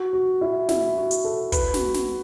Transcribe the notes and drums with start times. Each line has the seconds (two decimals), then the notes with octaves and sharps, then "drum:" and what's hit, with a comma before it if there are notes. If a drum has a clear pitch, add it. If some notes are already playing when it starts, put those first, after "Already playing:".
Already playing: F#4
0.13 F#4
0.41 E4
0.69 E4, drum: snare
0.97 F#4
1.11 drum: hi-hat
1.25 A4
1.52 B4, drum: kick, hi-hat
1.74 F#4, drum: snare
1.94 drum: snare